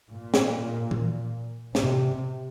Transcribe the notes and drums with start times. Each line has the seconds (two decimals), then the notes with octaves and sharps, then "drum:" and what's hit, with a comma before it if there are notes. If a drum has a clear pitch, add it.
0.11 A#2
0.34 drum: snare
0.91 drum: tom
1.75 C3, drum: snare